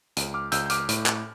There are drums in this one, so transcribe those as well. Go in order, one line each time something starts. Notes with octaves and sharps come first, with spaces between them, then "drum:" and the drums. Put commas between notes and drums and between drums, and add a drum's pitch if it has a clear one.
C#2, drum: hi-hat
D6 F6
C#2 E6 G6, drum: hi-hat
G6
D6 F6, drum: hi-hat
A2, drum: hi-hat
drum: clap